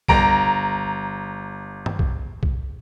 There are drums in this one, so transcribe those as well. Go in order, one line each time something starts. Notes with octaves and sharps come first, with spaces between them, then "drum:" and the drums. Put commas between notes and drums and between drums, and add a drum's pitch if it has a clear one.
G1 A#5 D7, drum: kick
drum: tom
drum: kick
drum: kick